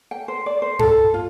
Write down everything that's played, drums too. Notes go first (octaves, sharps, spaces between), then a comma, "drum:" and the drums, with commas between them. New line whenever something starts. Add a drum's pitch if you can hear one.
G5
C5
D5
C5
A4, drum: tom G2
F4